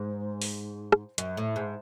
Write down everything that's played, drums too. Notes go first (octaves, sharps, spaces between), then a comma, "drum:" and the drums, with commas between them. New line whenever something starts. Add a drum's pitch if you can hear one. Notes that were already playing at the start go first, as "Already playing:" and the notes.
Already playing: G#2
drum: open hi-hat
drum: rim click
F#2, drum: hi-hat
A2
G#2